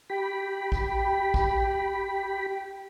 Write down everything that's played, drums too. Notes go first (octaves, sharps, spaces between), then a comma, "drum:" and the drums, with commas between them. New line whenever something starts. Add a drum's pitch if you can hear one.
G4 G5 B5
drum: kick A#1
drum: kick A#1